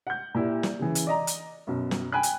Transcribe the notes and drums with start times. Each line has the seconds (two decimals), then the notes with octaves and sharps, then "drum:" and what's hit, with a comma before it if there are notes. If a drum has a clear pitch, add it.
0.07 F#5 G6
0.35 A#2 E4 G4
0.63 drum: snare
0.79 C#3 E3
0.95 drum: hi-hat
1.07 D5 D#5 A#5
1.27 drum: hi-hat
1.67 F#2 B2
1.91 drum: snare
2.12 G5 G#5 B5 F#6
2.23 drum: hi-hat